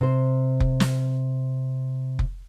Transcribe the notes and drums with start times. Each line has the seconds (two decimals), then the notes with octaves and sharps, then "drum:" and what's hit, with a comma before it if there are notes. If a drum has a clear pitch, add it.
0.01 C3 C5
0.60 drum: kick F1
0.80 drum: snare
2.19 drum: kick F1